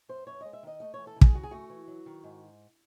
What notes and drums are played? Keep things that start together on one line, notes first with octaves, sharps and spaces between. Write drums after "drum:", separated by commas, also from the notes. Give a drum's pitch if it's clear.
F#2 C5
F#2 C#5
G#3 D#5
E5
D#3 D#5
A3 D#5
E3 C#5
A4
C#3
G#4, drum: kick
C#3 F#4
G#4
A3 F#4
E3
F#3
D#3
G#2